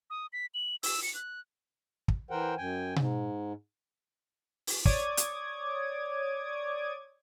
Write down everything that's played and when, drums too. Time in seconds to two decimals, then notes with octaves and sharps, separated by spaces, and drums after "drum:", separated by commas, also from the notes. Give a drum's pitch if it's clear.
0.10 D#6
0.33 B6
0.54 F#7
0.83 E6, drum: open hi-hat
1.03 C#7
1.15 F#6
2.08 drum: kick
2.31 E3 A#4 C5 F#5 G5
2.58 F#2 G5 G#5
2.96 G#2, drum: tom B2
4.67 drum: open hi-hat
4.85 C#5 D5 D6 D#6 G#6, drum: kick
5.17 drum: hi-hat